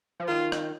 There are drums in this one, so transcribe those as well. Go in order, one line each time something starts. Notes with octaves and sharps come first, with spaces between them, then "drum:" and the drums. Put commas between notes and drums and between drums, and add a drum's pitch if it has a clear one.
F3
D#3 F4
drum: rim click